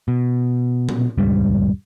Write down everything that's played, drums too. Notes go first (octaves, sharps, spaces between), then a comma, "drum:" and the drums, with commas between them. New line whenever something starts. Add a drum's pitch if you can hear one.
B2
drum: tom A#2
D#1 C#2 G2 G3